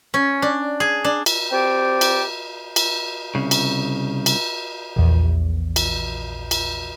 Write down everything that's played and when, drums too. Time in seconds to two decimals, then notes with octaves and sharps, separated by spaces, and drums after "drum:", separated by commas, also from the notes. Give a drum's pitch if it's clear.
0.14 C#4
0.42 D4
0.80 G#4
1.04 D4
1.26 drum: cymbal
1.51 C4 G4 D5 G5
2.01 drum: cymbal
2.76 drum: cymbal
3.35 C2 C#3
3.51 drum: cymbal
4.26 drum: cymbal
4.96 A#1 E2
5.76 drum: cymbal
6.51 drum: cymbal